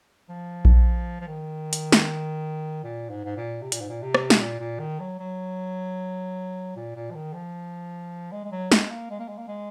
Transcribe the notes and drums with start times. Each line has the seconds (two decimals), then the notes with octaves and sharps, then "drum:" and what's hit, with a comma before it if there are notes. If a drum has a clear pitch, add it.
0.29 F3
0.65 drum: kick A#1
1.20 F3
1.28 D#3
1.73 drum: hi-hat
1.92 drum: snare
2.84 A#2
3.10 G#2
3.25 G#2
3.36 A#2
3.62 C3
3.72 A#2, drum: hi-hat
3.81 G#2
3.89 A#2
4.02 C3
4.14 drum: rim click
4.30 drum: snare
4.41 A#2
4.60 A#2
4.79 D#3
5.00 F#3
5.19 F#3
6.76 A#2
6.95 A#2
7.11 F3
7.15 D#3
7.34 F3
8.32 G#3
8.44 G#3
8.52 F#3
8.72 G#3, drum: snare
8.91 A#3
9.10 G#3
9.19 A#3
9.28 G#3
9.38 A#3
9.48 G#3